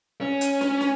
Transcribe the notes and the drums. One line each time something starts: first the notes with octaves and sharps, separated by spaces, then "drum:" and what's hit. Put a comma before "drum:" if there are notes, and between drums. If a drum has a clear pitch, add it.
C#4
drum: hi-hat
drum: snare
drum: snare